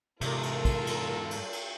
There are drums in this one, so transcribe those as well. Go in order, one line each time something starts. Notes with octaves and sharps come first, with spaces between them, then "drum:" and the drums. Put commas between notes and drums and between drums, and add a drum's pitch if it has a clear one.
E2 G#2 C3 F4 A4 A#4, drum: cymbal
drum: cymbal
drum: kick, cymbal
drum: cymbal
drum: cymbal
drum: cymbal